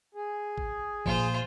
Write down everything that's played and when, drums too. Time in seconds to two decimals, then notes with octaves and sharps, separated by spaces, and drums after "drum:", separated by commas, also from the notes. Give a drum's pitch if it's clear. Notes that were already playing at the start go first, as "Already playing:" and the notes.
0.15 G#4
0.58 drum: kick G#1
1.06 A#2 F3 F4 C5, drum: kick G#1